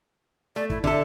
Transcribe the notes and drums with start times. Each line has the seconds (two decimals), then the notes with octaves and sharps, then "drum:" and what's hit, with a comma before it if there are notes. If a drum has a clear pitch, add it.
0.56 A3 D5
0.70 E4, drum: kick
0.84 D3 A4 E5, drum: kick